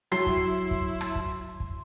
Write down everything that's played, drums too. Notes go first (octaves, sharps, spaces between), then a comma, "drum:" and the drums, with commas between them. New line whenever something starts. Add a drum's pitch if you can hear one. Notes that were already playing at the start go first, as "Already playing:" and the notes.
F#3 E4 C6, drum: rim click
drum: kick
drum: kick
drum: rim click
drum: kick
drum: kick